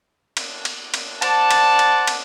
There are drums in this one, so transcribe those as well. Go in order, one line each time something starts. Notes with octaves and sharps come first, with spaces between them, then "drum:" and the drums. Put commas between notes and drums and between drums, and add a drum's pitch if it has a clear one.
drum: cymbal
drum: cymbal
drum: cymbal
C5 D5 F#5 A5, drum: cymbal
drum: cymbal
drum: cymbal
drum: cymbal